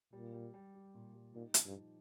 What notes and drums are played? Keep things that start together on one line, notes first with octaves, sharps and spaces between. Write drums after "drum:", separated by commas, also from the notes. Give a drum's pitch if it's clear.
A#2 G3
G3
G3
G4
A#2
G3
A#2 D#4
F3, drum: hi-hat
G2
D#4